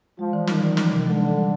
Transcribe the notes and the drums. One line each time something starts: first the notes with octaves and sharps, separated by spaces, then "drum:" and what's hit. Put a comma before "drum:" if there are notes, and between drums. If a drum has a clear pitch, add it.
F3 G#3
E3
D#3 G3, drum: snare
E3
F3, drum: snare
C3
D3 G#3
E3
G3